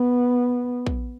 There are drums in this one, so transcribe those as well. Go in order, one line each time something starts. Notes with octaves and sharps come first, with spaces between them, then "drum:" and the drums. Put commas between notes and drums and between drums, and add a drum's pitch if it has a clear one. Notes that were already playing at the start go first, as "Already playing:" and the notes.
Already playing: B3
drum: kick